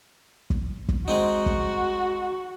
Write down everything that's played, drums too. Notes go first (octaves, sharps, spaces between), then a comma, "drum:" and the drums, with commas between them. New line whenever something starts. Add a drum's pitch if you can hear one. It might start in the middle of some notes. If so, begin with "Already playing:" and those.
drum: kick
drum: kick
G#3 C4 D#4 F#4
drum: kick